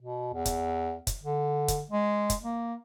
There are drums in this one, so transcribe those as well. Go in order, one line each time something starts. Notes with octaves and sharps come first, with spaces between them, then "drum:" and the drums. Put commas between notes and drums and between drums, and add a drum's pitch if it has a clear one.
B2
E2
drum: kick, hi-hat
drum: kick, hi-hat
D3
drum: kick, hi-hat
G#3
drum: kick, hi-hat
A#3